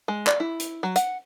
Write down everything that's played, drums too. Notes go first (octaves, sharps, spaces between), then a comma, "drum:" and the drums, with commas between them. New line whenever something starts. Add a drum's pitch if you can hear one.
G#3
D5, drum: clap
E4
drum: hi-hat
F#3
F#5, drum: hi-hat